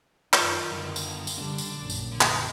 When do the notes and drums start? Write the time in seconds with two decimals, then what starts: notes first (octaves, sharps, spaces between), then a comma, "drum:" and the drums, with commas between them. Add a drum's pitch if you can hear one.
0.33 F#2 D#3 F4, drum: clap
0.72 G2 D3
0.96 drum: tambourine
1.27 drum: tambourine
1.38 D3 G3 D4
1.58 drum: tambourine
1.78 A#1 F#2
1.90 drum: tambourine
2.12 D3
2.21 drum: clap